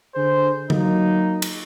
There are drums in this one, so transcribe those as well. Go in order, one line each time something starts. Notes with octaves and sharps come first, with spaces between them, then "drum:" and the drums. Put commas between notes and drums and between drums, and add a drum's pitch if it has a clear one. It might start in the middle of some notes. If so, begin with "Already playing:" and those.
D3 G#4 C5
F#3 A#3 D#4, drum: tom D3
drum: cymbal